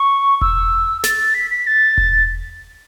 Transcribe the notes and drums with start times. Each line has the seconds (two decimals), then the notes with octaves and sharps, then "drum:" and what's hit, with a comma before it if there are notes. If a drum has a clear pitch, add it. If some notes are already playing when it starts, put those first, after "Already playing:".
Already playing: C#6
0.41 E6, drum: kick E1
1.04 A6, drum: snare
1.34 B6
1.51 B6
1.67 A6
1.98 drum: kick E1